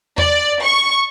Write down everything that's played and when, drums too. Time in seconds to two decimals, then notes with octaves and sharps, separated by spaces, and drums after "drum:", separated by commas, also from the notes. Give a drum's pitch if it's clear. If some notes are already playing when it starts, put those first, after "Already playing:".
0.18 D5, drum: tom E2
0.63 C#6